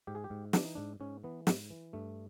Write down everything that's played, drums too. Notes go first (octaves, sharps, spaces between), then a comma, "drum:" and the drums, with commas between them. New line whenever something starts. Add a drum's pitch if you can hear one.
G#2 G4
G#4
G4
G#2
E3 D4, drum: snare
D#4
G#2 D4
G#2 C#4
E3 B3
G#2, drum: snare
E3
G2 A3